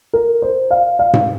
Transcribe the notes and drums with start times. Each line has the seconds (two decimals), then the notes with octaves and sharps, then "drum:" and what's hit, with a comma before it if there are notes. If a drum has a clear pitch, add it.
0.13 A#4
0.42 C5
0.71 F5
0.99 F5
1.13 drum: tom G#2